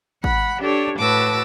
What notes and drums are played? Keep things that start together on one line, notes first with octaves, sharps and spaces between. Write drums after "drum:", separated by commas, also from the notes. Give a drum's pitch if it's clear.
F#5 B5, drum: kick G#1
D4 G4 A4 C#5
A2 F#4 B4 A5 D6 E6